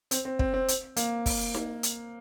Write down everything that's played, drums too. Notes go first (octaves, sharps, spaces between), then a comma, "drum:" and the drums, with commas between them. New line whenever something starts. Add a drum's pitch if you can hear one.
C4, drum: hi-hat
C4
C4, drum: kick
C4
drum: hi-hat
A#3, drum: hi-hat
drum: kick, open hi-hat
drum: snare D#4
drum: hi-hat